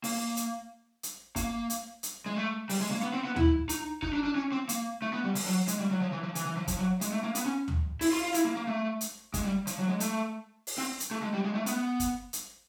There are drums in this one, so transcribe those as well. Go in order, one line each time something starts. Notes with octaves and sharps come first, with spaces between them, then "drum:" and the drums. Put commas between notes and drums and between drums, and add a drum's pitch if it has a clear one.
A#3, drum: open hi-hat
drum: hi-hat
drum: hi-hat
A#3, drum: kick, hi-hat
drum: hi-hat
drum: hi-hat
G#3
A3
G3, drum: open hi-hat
G#3
A#3
B3
C4
B3
E4, drum: tom D2
D#4, drum: hi-hat
D#4, drum: kick
D4
D4
C#4
C4
A#3, drum: hi-hat
A3
B3
G3
F3, drum: open hi-hat
F#3
G#3, drum: hi-hat
G3
F#3
F3
E3
F3
E3, drum: hi-hat
E3
F3
F3, drum: kick, hi-hat
F#3
G#3, drum: hi-hat
A3
A#3
B3, drum: hi-hat
C#4
drum: tom D2
E4, drum: open hi-hat
F4
F4
E4, drum: hi-hat
A#3
A#3
A3
drum: hi-hat
G#3, drum: kick, hi-hat
G3
F3, drum: hi-hat
F#3
G#3
A3, drum: hi-hat
drum: open hi-hat
C4
drum: hi-hat
A3
G#3
G3
G#3
A3
B3, drum: hi-hat
drum: kick, hi-hat
drum: hi-hat